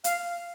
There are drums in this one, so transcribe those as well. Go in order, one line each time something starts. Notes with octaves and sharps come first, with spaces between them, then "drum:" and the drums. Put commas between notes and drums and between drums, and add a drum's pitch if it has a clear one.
F5, drum: hi-hat